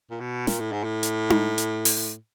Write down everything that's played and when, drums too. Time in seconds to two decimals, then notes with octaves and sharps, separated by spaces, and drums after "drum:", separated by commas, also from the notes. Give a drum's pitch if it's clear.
0.10 A#2
0.20 B2
0.47 A#2, drum: snare
0.59 A2
0.72 G#2
0.84 A2
1.03 drum: hi-hat
1.30 drum: tom D#4
1.58 drum: hi-hat
1.85 drum: open hi-hat